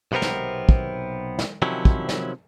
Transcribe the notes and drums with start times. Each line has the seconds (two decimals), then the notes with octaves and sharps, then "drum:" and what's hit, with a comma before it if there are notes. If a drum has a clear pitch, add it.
0.12 B1 C3 B3 C4 A#4
0.22 drum: snare
0.69 drum: kick
1.39 drum: snare
1.62 C3 D#3 F3 F#3 C#4 E4
1.85 drum: kick
2.09 drum: snare